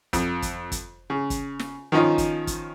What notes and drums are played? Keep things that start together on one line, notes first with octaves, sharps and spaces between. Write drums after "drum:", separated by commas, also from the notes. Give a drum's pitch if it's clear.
F2, drum: kick, hi-hat
drum: kick, hi-hat
drum: kick, hi-hat
C#3
drum: kick, hi-hat
drum: snare
D#3 F3 C#4 D#4 F4
drum: kick, hi-hat
drum: kick, hi-hat